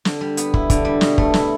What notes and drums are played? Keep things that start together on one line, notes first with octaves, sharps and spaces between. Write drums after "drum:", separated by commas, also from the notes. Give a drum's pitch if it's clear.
D3, drum: snare
G3
B3, drum: hi-hat
E4, drum: kick
D3, drum: kick, hi-hat
G3
B2, drum: snare
A3, drum: kick
E4, drum: snare